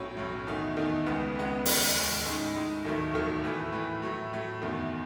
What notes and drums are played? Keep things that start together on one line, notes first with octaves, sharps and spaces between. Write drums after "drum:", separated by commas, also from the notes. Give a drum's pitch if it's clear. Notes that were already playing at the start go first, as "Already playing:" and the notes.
Already playing: B1 A2 F#3 C#4
B1 A2 F#3 C#4
E2 D#3 A3 D#4
E2 D#3 A3 D#4
C#2 C#3 G#3 B3
C#2 C#3 G#3 B3
D#2 C#3 G#3, drum: open hi-hat
D#2 C#3 G#3
A2 G#3 D#4
A2 G#3 D#4
E1 D#2 D#3 F#3 A3
E1 D#2 D#3 F#3 A3
A2 E3 A3 E4
A2 E3 A3 E4
A2 F#3 A3
A2 F#3 A3
F#1 E2 D#3